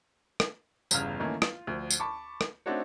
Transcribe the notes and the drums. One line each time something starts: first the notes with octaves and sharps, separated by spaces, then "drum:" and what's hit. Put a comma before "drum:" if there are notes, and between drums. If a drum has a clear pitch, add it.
drum: rim click
G1 E2 C#3 F5 F6, drum: tambourine
D#3 E3 A3 A#3 C#4
F4, drum: rim click
D2 F3
drum: tambourine
A5 B5 C#6 D6
drum: rim click
A3 C4 D4 D#4 F#4 C#5